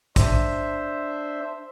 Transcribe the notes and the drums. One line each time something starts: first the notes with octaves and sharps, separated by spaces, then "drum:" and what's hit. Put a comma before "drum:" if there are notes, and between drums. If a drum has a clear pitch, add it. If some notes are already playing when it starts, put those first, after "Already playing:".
D4 C5 E5, drum: kick, hi-hat